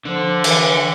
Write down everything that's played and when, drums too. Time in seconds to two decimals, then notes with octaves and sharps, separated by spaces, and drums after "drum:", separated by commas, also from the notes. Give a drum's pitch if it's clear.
0.06 D3 F3
0.44 E3, drum: cymbal